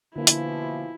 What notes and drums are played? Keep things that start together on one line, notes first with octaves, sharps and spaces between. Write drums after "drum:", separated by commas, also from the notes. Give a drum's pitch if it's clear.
B2 D3 E3 F3 A#3 E4
drum: hi-hat